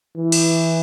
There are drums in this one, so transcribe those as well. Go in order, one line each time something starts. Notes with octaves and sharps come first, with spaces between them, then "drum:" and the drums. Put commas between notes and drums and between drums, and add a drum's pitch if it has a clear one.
E3
drum: cymbal